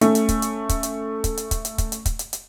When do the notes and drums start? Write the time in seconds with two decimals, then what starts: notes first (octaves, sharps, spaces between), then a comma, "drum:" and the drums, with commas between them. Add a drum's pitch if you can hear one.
0.01 A3 C#4, drum: hi-hat
0.15 drum: hi-hat
0.29 drum: kick, hi-hat
0.42 drum: hi-hat
0.69 drum: kick, hi-hat
0.83 drum: hi-hat
1.24 drum: kick, hi-hat
1.37 drum: hi-hat
1.51 drum: kick, hi-hat
1.65 drum: hi-hat
1.78 drum: kick, hi-hat
1.92 drum: hi-hat
2.06 drum: kick, hi-hat
2.19 drum: hi-hat
2.33 drum: hi-hat